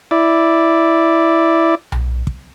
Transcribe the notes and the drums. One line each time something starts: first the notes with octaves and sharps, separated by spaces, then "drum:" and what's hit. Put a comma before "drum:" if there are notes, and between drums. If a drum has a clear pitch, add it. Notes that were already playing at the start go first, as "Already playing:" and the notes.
E4 D5
drum: tom B1
drum: kick